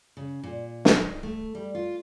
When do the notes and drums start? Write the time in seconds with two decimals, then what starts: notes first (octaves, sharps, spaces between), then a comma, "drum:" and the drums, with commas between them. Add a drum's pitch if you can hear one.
0.17 C#3
0.43 A#2
0.85 drum: snare
1.02 D#4
1.23 A3
1.55 G3
1.75 F4